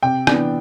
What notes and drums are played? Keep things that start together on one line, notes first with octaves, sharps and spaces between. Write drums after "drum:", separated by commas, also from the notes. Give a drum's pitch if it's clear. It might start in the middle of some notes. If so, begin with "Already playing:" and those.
C3 G5
E3 B3 D4, drum: rim click